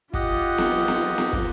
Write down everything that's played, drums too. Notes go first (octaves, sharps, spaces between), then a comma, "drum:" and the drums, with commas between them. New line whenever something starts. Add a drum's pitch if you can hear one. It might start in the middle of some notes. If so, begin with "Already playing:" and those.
F4 G4 D#5 F#5, drum: kick
drum: snare B3
drum: snare B3
drum: snare B3
drum: kick